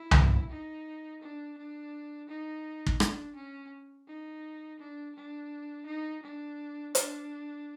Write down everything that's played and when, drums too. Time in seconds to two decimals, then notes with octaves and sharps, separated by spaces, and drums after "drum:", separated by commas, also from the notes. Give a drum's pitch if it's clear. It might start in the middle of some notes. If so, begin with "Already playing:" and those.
Already playing: E4
0.11 drum: tom C2
0.50 D#4
1.22 D4
1.58 D4
2.29 D#4
2.86 drum: kick
3.00 D4, drum: rim click
3.36 C#4
4.08 D#4
4.80 D4
5.16 D4
5.87 D#4
6.23 D4
6.95 D4, drum: hi-hat